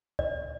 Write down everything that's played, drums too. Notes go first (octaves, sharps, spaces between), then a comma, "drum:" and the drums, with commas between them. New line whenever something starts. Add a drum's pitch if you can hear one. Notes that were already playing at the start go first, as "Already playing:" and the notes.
D5, drum: kick D2